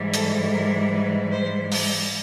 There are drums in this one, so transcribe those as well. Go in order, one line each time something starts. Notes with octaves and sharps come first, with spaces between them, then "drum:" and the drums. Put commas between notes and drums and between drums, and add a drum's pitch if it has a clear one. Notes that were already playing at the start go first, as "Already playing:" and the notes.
Already playing: G#2 E3 G3
A4, drum: hi-hat
A#4
B4
C5
D5, drum: open hi-hat